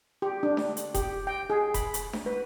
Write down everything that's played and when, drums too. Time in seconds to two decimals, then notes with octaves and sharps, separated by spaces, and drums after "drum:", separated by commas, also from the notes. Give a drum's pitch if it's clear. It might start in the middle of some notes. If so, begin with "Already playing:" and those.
0.22 G4
0.43 D4
0.57 drum: snare D4
0.77 drum: hi-hat
0.94 G4, drum: kick E1, hi-hat
1.27 G5
1.50 G#4
1.74 B5, drum: kick E1, hi-hat
1.94 drum: hi-hat
2.13 drum: snare D4
2.26 B4